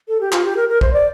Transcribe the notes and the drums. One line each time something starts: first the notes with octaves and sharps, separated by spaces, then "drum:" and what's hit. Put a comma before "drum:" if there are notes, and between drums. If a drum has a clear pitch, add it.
A4
G4
F4, drum: clap
G4
A#4
A#4
C5, drum: kick
D5